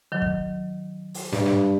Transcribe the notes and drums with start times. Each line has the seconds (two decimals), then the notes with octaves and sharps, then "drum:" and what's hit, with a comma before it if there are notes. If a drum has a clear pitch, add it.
0.12 D#3 F#3
0.22 drum: kick
1.14 drum: open hi-hat
1.32 G2, drum: snare
1.46 drum: snare